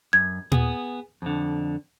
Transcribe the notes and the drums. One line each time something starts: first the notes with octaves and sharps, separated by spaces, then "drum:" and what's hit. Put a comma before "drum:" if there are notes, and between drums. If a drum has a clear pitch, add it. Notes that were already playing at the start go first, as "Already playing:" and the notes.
F#2 G#6
B3 G#4, drum: tom A#2
F2 D3